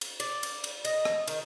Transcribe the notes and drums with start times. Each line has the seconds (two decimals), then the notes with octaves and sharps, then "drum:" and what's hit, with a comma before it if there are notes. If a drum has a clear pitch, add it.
0.01 drum: cymbal
0.20 D5, drum: cymbal
0.43 drum: cymbal
0.64 drum: cymbal
0.85 D#5, drum: cymbal
1.05 drum: rim click
1.27 D#3, drum: cymbal